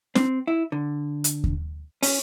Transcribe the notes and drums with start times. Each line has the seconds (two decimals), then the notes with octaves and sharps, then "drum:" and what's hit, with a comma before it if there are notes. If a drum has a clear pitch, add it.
0.15 C4, drum: snare
0.47 E4
0.72 D3
1.24 drum: hi-hat
1.44 drum: kick D#2
2.03 C#4, drum: open hi-hat